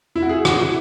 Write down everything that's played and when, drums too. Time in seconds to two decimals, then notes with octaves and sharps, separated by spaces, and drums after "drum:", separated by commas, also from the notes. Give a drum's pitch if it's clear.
0.16 E4
0.22 F#4
0.29 G#4
0.45 F#4, drum: rim click
0.60 E4